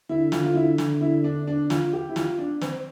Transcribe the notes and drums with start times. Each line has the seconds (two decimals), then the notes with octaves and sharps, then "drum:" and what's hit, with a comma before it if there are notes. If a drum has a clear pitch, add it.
0.09 D3 E4
0.32 F4, drum: snare
0.44 F4
0.55 E4
0.78 drum: snare
1.01 E4
1.24 D4
1.47 D4
1.70 F4, drum: snare
1.93 G4
2.09 E4
2.16 F4, drum: snare
2.39 D4
2.61 C4, drum: snare